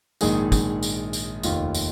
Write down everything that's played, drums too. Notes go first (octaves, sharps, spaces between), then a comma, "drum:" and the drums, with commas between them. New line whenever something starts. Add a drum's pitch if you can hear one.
A#1 G#2 D#3 G#4, drum: tambourine
drum: kick, tambourine
drum: tambourine
drum: tambourine
F1 D#2 D#3 F4, drum: tambourine
drum: tambourine